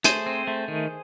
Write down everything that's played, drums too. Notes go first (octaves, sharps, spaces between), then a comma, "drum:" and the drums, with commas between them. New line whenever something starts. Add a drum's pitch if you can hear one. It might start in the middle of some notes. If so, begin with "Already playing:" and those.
A3 G#4 C5, drum: hi-hat
C4
A3
D#3